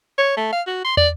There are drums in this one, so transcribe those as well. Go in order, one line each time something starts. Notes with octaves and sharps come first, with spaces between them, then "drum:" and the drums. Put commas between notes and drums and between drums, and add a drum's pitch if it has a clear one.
C#5
A3
F5
F#4
C6
D5, drum: tom